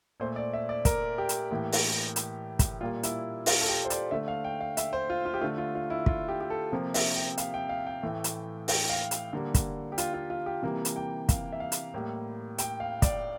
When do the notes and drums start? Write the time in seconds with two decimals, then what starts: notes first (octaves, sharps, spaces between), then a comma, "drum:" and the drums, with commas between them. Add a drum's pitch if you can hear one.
0.20 A#2 A3 C5
0.36 D5
0.54 E5
0.69 D5
0.85 A#4, drum: kick, hi-hat
1.18 G4
1.29 drum: hi-hat
1.51 A2 E3 A#3
1.72 drum: open hi-hat
2.16 drum: hi-hat
2.59 drum: kick, hi-hat
2.81 A#2 G3 A#3 F4
3.03 E4, drum: hi-hat
3.46 F4, drum: open hi-hat
3.61 A4
3.69 G4
3.85 C5
3.90 D5, drum: hi-hat
4.11 D3 A3 E5
4.28 F5
4.44 G5
4.61 F5
4.77 E5, drum: hi-hat
4.93 C5
5.10 F4
5.26 F4
5.34 G4
5.41 D3 A3 F4
5.58 F4
5.75 F4
5.90 E4
6.06 F4, drum: kick
6.28 G4
6.41 G4
6.50 A4
6.72 C3 F3 A#3
6.94 E5, drum: open hi-hat
7.15 G5
7.38 F5, drum: hi-hat
7.54 G5
7.69 F5
7.87 G5
8.03 A2 E3 A3
8.24 drum: hi-hat
8.68 G5, drum: open hi-hat
8.90 F5
9.11 drum: hi-hat
9.33 D3 G3 A#3
9.54 drum: kick, hi-hat
9.92 G4
9.98 F4, drum: hi-hat
10.14 F4
10.30 F4
10.46 G4
10.62 C3 E3 G3 A#3
10.85 drum: hi-hat
10.96 G5
11.29 F5, drum: kick, hi-hat
11.52 E5
11.60 F5
11.72 drum: hi-hat
11.94 A2 G3 A#3
12.58 G5, drum: hi-hat
12.80 F5
13.02 D5, drum: kick, hi-hat